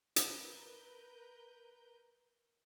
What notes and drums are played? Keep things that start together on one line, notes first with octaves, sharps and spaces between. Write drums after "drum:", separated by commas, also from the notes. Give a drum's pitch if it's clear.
A#4 B4 G6, drum: hi-hat